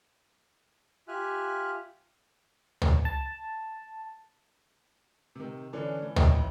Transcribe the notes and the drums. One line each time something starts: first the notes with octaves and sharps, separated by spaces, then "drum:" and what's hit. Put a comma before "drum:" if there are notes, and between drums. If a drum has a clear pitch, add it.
F4 G4 E5 G#5 F6 F#6
drum: tom
A5
C3 D#3
D3 E3 C#4 D4
E3
D#5 E5 G5, drum: tom
A1